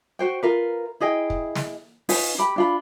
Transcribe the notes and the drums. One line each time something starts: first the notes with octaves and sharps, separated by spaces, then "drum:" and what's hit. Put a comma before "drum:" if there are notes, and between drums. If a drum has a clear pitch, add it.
F#4 C5 G5
F4 A#4 B4
E4 G#4 D#5 G5
drum: kick
drum: snare
C#4 D#4 F4 B4, drum: open hi-hat
G4 B5
D4 F4 B5